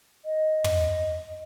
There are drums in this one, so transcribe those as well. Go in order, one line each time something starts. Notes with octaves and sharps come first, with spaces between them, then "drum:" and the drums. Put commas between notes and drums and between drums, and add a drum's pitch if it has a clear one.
D#5
drum: tom